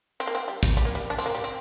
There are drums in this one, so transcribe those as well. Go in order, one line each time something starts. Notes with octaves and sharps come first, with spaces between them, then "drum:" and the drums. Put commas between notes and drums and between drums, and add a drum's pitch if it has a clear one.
C4
A#3
C4
G3
drum: kick, hi-hat
G3
A#3
G3
D4
C4, drum: hi-hat
A#3
G3
C4